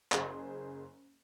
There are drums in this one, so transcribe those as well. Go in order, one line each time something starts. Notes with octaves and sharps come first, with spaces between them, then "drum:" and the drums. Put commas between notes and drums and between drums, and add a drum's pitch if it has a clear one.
F#1 G#4 C5, drum: clap